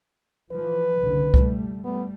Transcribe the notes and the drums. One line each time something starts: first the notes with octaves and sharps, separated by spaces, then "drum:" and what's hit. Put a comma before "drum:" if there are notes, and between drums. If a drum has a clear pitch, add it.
E3 F3 B4
F#1 C2 D3
G3 A3, drum: kick C2
G3 A3 B3